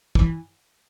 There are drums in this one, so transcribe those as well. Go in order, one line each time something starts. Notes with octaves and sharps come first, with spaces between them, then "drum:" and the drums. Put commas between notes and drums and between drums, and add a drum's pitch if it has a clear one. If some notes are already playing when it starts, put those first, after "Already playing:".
E3, drum: kick